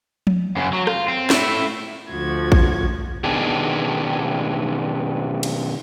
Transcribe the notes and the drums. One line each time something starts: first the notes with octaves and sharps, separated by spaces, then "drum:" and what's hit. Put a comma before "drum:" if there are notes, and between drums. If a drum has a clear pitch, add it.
drum: tom F3
F#2 C#3
F#3
F4, drum: rim click
C4
A3 E4, drum: snare
D2 F3 F#4 G#6
drum: kick
B2 D#3 D4 G4 G#4
drum: cymbal